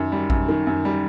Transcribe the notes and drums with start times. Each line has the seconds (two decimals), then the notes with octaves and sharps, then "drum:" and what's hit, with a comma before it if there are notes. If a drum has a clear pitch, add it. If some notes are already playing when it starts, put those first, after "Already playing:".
Already playing: F#2 D#3
0.12 G3
0.30 F#2, drum: kick A1
0.48 D#3
0.67 F#2
0.85 G3